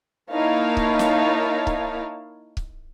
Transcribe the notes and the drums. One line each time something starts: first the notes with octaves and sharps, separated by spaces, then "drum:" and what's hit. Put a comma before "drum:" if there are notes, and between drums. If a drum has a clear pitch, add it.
A#3 D#4 E4 C#5 F5 A5
drum: kick C#1
drum: snare
drum: kick C#1
drum: kick C#1